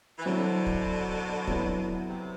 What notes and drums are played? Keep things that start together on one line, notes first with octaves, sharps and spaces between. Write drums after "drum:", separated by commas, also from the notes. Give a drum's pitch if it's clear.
E3
B2 D3 F#3 C4 E4
drum: kick
F#3 B3 E4, drum: kick
C3